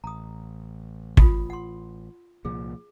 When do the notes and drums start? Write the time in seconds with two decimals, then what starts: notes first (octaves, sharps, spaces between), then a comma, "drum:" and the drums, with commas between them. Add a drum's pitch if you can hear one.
0.04 A1 A#5 D#6
1.17 F4 B5 D#6, drum: kick
1.50 F#5 C6
2.45 C2 A#2 F3 G#4